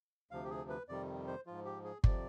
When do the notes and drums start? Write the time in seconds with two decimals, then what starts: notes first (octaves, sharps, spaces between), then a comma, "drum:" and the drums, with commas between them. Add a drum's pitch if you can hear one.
0.31 D2 C3 F3 F5
0.44 G4
0.51 G#4
0.69 B4
0.89 F2 C3 D#3 G3 D5
1.27 C5
1.46 G#2 F3 F4
1.65 G4
1.85 G#4
2.04 F2 C3 F3 D5, drum: kick G1